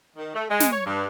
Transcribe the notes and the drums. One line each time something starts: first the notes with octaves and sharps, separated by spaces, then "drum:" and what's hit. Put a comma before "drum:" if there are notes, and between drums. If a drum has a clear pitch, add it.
D#3
A3
G#3
drum: snare
C#5
G2